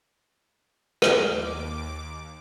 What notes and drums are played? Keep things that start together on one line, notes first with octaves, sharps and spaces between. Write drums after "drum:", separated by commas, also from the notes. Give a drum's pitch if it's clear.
D#2 D6, drum: rim click